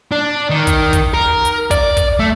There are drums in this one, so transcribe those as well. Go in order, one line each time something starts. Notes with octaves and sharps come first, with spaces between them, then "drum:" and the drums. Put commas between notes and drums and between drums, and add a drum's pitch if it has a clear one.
D4
D#3
drum: kick, hi-hat
drum: kick, hi-hat
A#4
drum: hi-hat
D5, drum: kick, hi-hat
drum: kick, hi-hat
A3